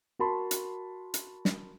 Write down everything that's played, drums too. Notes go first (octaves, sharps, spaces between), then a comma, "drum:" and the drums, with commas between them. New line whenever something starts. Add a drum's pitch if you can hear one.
F#4 A#4 A5 B5 C6
drum: hi-hat
drum: hi-hat
drum: snare